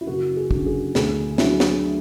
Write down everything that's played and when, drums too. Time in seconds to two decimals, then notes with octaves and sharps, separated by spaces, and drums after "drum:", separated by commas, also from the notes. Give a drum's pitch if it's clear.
0.01 E4
0.07 F#1 F#4
0.37 G#4
0.51 F#2 D3, drum: kick
0.66 G#4
0.95 D2 G#4, drum: snare
1.38 D3 F#3 E4, drum: snare
1.60 drum: snare